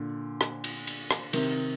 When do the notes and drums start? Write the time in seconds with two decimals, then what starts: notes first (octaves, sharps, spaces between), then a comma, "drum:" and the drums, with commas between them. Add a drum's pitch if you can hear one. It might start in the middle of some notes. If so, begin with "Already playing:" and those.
Already playing: A#2 D3
0.41 drum: rim click
0.64 drum: cymbal
0.87 drum: cymbal
1.11 drum: rim click
1.33 C3 D#3, drum: cymbal